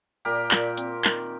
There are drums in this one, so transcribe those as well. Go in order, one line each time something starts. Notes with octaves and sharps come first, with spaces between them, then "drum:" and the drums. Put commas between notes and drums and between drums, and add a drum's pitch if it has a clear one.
A#2 G4 A#4
A#2, drum: clap
C4, drum: hi-hat
D#3, drum: clap